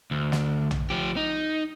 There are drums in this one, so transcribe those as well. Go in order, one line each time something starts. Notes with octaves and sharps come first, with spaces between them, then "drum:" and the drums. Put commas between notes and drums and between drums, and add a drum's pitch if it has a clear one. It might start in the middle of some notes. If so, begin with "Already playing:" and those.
D2
drum: snare
drum: tom A#1
F3 G4
D#4